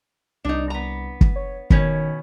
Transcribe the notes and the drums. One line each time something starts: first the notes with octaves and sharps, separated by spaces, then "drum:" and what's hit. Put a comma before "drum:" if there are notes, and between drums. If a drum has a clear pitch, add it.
C2 D4 D#4
B3 A#5
drum: kick
C#5
B2 D#3 C#4 C#5, drum: kick